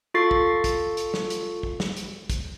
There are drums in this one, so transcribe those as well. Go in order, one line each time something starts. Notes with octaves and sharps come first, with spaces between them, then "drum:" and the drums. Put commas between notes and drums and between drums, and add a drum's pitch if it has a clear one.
F4 A4 C#6 A6 C7
drum: kick
drum: kick, hi-hat
drum: hi-hat
drum: snare
drum: hi-hat
drum: kick
drum: snare
drum: hi-hat
drum: kick, hi-hat